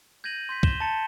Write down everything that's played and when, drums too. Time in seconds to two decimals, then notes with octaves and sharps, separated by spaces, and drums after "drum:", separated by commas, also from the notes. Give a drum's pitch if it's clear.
0.24 G6 G#6 A#6 D#7 F#7
0.49 C6 G6 B6
0.63 E7 G7, drum: kick
0.80 A5 A#5 A6 C#7 G7